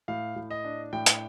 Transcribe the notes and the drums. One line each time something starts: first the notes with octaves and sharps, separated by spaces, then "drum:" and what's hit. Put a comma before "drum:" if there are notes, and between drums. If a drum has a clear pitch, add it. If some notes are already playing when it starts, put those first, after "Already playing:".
A2 F5
A2
D#5
D4
A2 G5
drum: hi-hat